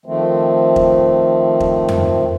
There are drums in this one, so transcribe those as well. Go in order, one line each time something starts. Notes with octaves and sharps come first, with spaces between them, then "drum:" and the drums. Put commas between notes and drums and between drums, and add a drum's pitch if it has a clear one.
D#3 F3 A3 C4
drum: kick E1
drum: kick E1
drum: tom F2